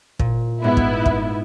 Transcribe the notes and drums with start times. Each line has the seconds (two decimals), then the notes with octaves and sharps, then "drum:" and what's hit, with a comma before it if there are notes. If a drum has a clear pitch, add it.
0.19 A#2, drum: kick
0.64 G#2 B3 E4
0.77 drum: kick
1.06 drum: kick